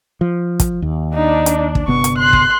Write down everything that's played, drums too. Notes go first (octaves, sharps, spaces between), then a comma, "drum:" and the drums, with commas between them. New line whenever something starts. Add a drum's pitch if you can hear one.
F3
drum: kick, hi-hat
D#2
D4 D#4
drum: hi-hat
drum: kick
G1 C3 B3 C#6
drum: hi-hat
C6 F#6
drum: kick